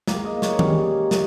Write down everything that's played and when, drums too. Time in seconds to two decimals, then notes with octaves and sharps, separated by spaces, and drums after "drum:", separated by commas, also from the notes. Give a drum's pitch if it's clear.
0.07 G#2 D#3 A#3, drum: snare
0.24 D#5
0.42 C#5, drum: snare
0.59 D#3 G3 C#4, drum: tom D#3
1.11 C#5, drum: snare